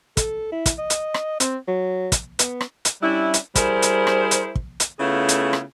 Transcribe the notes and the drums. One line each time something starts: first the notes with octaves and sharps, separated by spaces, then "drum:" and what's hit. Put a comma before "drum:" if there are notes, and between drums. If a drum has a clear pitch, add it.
A4, drum: kick, hi-hat
E4
drum: kick, hi-hat
D#5
drum: hi-hat
drum: rim click
C4, drum: hi-hat
F#3
drum: kick, hi-hat
B3, drum: hi-hat
drum: rim click
drum: hi-hat
G3 C#4 D4 E4
drum: hi-hat
G3 E4 G#4 A#4 C5, drum: kick, hi-hat
drum: hi-hat
drum: rim click
drum: hi-hat
drum: kick
drum: hi-hat
C#3 A3 B3 E4 F4 G#4
drum: hi-hat
drum: rim click